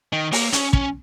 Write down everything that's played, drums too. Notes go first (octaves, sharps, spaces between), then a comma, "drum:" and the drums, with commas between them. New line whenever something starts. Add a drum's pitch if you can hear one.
D#3
A#3, drum: open hi-hat
C#4, drum: hi-hat
C#4, drum: kick